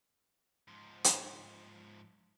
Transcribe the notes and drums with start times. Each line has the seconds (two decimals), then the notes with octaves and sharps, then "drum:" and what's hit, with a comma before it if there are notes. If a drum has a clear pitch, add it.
0.68 G#2 F3
1.04 drum: hi-hat